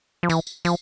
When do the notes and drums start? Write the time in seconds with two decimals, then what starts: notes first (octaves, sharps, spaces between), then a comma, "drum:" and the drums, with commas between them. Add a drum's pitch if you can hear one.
0.23 F3
0.30 E3, drum: tambourine
0.47 drum: tambourine
0.65 F3, drum: tambourine